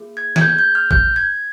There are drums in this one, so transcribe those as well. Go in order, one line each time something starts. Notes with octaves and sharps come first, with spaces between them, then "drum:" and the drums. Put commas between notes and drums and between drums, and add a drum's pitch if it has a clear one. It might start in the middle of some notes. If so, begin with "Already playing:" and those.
Already playing: A#3 F4 G#4
G#6
G#6, drum: snare
G6
G6
F6
G6, drum: kick A#1
G#6